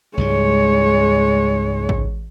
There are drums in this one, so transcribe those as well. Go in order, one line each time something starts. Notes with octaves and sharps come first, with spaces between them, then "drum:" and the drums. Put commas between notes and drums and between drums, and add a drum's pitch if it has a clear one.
C#2 G#2 G3 G#3 C#5
drum: kick A1